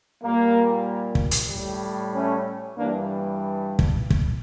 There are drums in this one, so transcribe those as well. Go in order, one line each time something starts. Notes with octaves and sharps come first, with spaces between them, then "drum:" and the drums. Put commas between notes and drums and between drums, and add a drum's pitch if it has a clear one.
A#2 G3 A#3
drum: kick
drum: hi-hat
A2 G3
A3 C#4
G2 E3 G3 A#3 D4
drum: kick
drum: kick